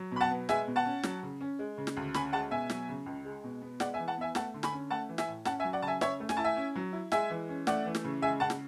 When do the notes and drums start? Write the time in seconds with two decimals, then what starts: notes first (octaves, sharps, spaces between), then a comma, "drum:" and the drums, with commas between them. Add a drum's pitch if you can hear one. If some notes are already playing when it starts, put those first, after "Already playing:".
Already playing: F#3
0.11 B2 B5
0.21 F#5 A5
0.31 B3
0.49 G#3 E5 G#5, drum: snare
0.67 B2
0.76 F#5 A5
0.85 C#4
1.03 F#3, drum: snare
1.23 C#3
1.41 C#4
1.59 G#3
1.78 C#3
1.87 drum: snare
1.97 D2
2.14 C#4 G#5 B5, drum: snare
2.33 G#3 F#5 A5
2.51 B2 E5 G#5
2.70 F#3, drum: snare
2.89 C#3
3.06 C#2
3.25 G#3
3.44 B2
3.61 B3
3.80 G#3 D5 F#5, drum: snare
3.94 E5 G#5
3.99 E3
4.08 F#5 A5
4.17 B3 E5 G#5
4.35 A3 F#5 A5, drum: snare
4.54 D3
4.63 G#5 B5, drum: snare
4.72 C#4
4.90 A3 F#5 A5
5.09 E3
5.18 E5 G#5, drum: snare
5.28 A2
5.45 C#4 F#5 A5, drum: snare
5.60 E5 G#5
5.64 F#3
5.73 D5 F#5
5.82 C#3 A5
5.87 E5 G#5
6.01 C#4 C#5 E5, drum: snare
6.20 A3
6.29 G#5, drum: snare
6.37 E4 A5
6.44 E5 G#5
6.56 C#4
6.75 F#3
6.93 E4
7.12 G#3 E5 G#5, drum: snare
7.30 E3
7.49 C#4
7.67 A3 D5 F#5, drum: snare
7.85 E3
7.95 drum: snare
8.04 C#3
8.22 G#3 E5 G#5
8.40 C#3 F#5 A5
8.50 drum: snare